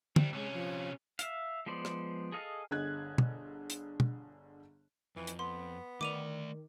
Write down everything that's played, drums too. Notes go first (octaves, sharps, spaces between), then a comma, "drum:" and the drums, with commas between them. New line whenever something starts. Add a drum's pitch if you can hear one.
G3 C4, drum: tom
C3 G#3 C#4
F3
E5 F5, drum: hi-hat
F3 G#3 B3 C5 D5
drum: rim click
G#4 A4 D#5 F5 G#5
G1 D3 G#4 D#5 F#6 G#6
drum: tom
drum: hi-hat
drum: tom
F2 E3
drum: hi-hat
B3 C6
D#3 A3 D5 D6 D#7 F7